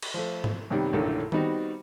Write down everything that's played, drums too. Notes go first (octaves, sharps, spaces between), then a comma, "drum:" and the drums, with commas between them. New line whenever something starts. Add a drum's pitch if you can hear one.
drum: cymbal
F3 A3
drum: tom
F#2 C3 D#3 G3 B3
A#1 F#2 A2 D3 D#3 A3
D#3 G3 B3 C4 D#4 F#4, drum: tom D#3